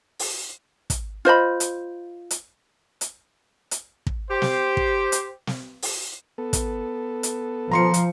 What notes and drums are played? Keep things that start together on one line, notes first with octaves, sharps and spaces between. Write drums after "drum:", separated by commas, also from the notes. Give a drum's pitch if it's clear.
drum: open hi-hat
drum: kick, hi-hat
F4 C5 D#5 B5
drum: hi-hat
drum: hi-hat
drum: hi-hat
drum: hi-hat
drum: kick
G4 C5
drum: snare
drum: kick
drum: hi-hat
drum: snare
drum: open hi-hat
B3 A4
drum: kick, hi-hat
drum: hi-hat
F3 A#5 C6 C#7
drum: hi-hat